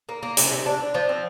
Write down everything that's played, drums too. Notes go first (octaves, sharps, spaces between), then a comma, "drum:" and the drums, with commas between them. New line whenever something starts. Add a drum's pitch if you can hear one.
A#3
A#3
C3, drum: hi-hat
C3
D4
D4
F3
C4